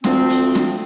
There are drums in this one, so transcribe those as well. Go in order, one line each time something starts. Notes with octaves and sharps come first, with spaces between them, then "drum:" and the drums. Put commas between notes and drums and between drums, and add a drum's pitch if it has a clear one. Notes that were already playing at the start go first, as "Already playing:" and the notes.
D2 F3 C4, drum: snare
drum: hi-hat
drum: snare